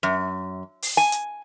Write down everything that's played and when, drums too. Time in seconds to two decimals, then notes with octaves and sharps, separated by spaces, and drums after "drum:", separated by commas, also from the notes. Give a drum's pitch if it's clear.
0.03 F#2
0.82 drum: open hi-hat
0.97 G#5
1.12 drum: hi-hat